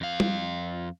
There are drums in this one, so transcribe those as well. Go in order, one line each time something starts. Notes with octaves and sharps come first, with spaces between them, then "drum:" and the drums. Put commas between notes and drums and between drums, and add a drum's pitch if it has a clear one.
F2 F5
drum: tom G3